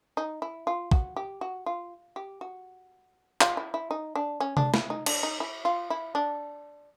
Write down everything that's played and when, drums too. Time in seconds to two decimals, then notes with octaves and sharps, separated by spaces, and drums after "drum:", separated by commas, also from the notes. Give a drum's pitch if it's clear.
0.17 D#4
0.42 E4
0.67 F4
0.91 F#4, drum: kick
1.16 G4
1.41 F#4
1.66 F4
2.16 G4
2.41 F#4
3.41 F4, drum: clap
3.57 E4
3.74 E4
3.91 D#4
4.15 D4
4.40 C#4
4.57 D4, drum: tom C3
4.74 E4, drum: snare
4.90 D#4
5.06 D4, drum: cymbal
5.23 D#4
5.40 E4
5.65 F4
5.90 E4
6.15 D4